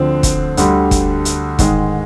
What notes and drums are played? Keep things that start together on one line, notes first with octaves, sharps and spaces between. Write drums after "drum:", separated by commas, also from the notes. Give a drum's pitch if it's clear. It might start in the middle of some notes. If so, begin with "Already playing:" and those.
Already playing: D2 D3 F3 C4
drum: kick, hi-hat
D2 D3 G3, drum: hi-hat
drum: kick, hi-hat
drum: hi-hat
G#2 D#3 G#3, drum: kick, hi-hat